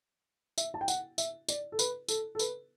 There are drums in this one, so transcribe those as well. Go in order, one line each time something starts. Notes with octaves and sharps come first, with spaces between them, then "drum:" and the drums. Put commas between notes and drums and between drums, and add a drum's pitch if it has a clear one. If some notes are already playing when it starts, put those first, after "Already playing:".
E5, drum: tambourine
A5
G5
F#5, drum: tambourine
E5, drum: tambourine
D5, drum: tambourine
A4
B4, drum: tambourine
A4, drum: tambourine
A4
B4, drum: tambourine